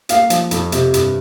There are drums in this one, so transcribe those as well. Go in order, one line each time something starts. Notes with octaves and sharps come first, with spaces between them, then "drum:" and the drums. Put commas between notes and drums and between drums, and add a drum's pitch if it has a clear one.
A#3 F5, drum: hi-hat
F3, drum: hi-hat
F2, drum: hi-hat
C3, drum: hi-hat
G2, drum: hi-hat